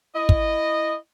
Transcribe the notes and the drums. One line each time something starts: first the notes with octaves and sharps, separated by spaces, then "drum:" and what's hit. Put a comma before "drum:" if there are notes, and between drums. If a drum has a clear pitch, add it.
E4 D#5
drum: kick